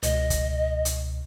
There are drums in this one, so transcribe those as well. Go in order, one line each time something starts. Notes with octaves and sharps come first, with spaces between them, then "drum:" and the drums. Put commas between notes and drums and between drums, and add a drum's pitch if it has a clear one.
C#2 B2 D#5, drum: hi-hat
drum: kick, hi-hat
drum: hi-hat